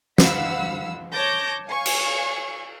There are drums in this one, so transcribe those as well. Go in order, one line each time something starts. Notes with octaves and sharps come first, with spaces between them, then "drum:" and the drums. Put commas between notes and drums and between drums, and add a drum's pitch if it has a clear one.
F5 F#5 B5 E6, drum: snare
C#5 A5 D6 G6 A#6
C#5 F5 G#5 C#6
drum: cymbal